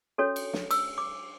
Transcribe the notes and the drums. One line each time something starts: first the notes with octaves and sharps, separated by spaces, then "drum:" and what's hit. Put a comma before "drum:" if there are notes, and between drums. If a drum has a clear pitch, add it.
C#4 F#4 A4 C#5
drum: cymbal
drum: snare
E6, drum: cymbal
D6